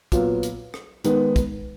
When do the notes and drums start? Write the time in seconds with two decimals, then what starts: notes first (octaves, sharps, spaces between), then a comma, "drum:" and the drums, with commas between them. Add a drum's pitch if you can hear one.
0.12 A#2 F#3 B3 F4, drum: kick, hi-hat
0.43 drum: hi-hat
0.74 drum: rim click
1.04 D#3 G#3 B3 D#4, drum: hi-hat
1.36 drum: kick, hi-hat